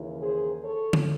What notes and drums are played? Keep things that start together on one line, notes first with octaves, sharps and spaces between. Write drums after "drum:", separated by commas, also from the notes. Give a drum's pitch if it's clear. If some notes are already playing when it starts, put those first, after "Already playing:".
Already playing: D#2 C#3 E3
G#4 C5
A4 C#5
drum: tom D3